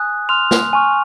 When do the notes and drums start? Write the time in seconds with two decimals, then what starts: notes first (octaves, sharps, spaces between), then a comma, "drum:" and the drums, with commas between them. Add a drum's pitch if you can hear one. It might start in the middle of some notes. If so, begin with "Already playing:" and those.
Already playing: G#5 D#6 F#6
0.29 C6 F6 F7
0.51 drum: snare
0.73 G#5 C#6 F6